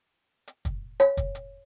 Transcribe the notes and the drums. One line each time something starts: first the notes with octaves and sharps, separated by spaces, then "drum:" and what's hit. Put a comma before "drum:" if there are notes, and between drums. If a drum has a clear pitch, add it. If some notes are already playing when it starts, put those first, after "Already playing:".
drum: hi-hat
drum: kick, hi-hat
C#5, drum: hi-hat
drum: kick, hi-hat
drum: hi-hat